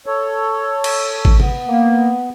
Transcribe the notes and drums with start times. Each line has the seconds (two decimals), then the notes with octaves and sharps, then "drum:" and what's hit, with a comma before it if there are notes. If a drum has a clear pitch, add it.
0.06 A4 C#5
0.84 drum: cymbal
1.25 drum: kick
1.40 B3, drum: tom C3
1.68 A#3